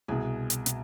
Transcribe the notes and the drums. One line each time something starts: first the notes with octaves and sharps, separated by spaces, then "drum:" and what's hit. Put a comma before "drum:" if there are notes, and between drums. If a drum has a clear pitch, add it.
C2 B2 G#4
drum: hi-hat
B2, drum: hi-hat